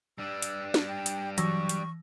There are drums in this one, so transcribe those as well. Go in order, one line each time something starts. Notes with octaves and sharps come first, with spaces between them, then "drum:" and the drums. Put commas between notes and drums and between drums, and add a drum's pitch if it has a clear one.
G3 D4 E6
drum: hi-hat
drum: snare
G5
drum: hi-hat
E3 F#3 C#6 E6 A#6, drum: hi-hat
drum: hi-hat